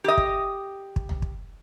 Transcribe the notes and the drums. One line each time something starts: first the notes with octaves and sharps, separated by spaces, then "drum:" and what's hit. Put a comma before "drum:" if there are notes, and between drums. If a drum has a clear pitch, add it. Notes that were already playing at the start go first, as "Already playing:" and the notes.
G4 D#5
drum: kick
drum: kick
drum: tom
drum: kick